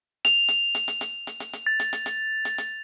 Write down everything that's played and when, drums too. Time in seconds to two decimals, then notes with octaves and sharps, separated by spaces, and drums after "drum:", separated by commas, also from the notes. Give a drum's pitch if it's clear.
0.25 F7, drum: hi-hat
0.49 drum: hi-hat
0.75 drum: hi-hat
0.88 drum: hi-hat
1.01 drum: hi-hat
1.27 drum: hi-hat
1.40 drum: hi-hat
1.53 drum: hi-hat
1.67 A6
1.80 drum: hi-hat
1.93 drum: hi-hat
2.06 drum: hi-hat
2.45 drum: hi-hat
2.58 drum: hi-hat